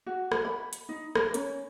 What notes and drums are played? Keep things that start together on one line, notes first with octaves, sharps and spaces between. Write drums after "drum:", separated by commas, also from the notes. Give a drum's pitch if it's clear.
F#4
drum: rim click
B5
drum: hi-hat
D#4
A#4, drum: rim click
C#4, drum: hi-hat